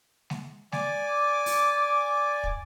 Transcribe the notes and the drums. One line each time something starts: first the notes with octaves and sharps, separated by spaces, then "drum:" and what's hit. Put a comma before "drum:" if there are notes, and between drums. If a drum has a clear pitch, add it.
drum: snare
D5 G#5 D6, drum: snare
drum: open hi-hat
drum: kick